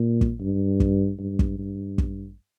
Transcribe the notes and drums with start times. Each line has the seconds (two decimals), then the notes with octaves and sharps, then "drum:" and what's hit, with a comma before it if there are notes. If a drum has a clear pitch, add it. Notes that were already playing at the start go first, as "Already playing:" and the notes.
Already playing: A#2
0.21 drum: kick
0.41 G2
0.80 drum: kick
1.19 G2
1.39 drum: kick
1.58 G2
1.98 drum: kick